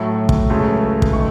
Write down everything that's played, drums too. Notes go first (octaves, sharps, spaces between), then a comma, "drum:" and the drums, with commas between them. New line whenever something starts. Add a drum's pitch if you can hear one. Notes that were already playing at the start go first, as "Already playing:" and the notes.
Already playing: A2 F#3 A3 C#6
drum: kick
C#2 C#3 F#3 A3
drum: kick
D#3 A3 C#6